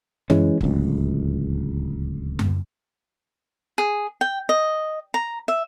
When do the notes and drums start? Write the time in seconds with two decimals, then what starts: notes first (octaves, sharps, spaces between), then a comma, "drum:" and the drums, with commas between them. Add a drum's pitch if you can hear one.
0.30 E3 G#3 C#4, drum: tom F#2
0.61 D1 C#2, drum: kick F1
2.39 drum: tom F#2
3.78 G#4
4.21 G5
4.49 D#5
5.14 A#5
5.48 E5